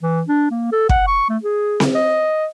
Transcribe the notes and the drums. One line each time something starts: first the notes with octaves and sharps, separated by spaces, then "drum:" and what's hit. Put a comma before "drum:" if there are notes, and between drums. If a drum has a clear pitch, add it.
E3
D4
A#3
A4
F#5, drum: kick
C#6
A3
G#4
drum: snare C4
D#5